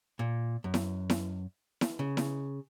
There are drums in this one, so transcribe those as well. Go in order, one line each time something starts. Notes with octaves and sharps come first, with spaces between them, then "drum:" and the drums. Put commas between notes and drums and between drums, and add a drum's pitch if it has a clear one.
A#2
F#2
drum: snare E4
drum: snare E4
drum: snare E4
C#3
drum: snare E4